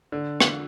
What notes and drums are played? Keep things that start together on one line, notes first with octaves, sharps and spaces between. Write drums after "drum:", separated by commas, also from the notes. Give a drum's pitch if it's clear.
D3
drum: rim click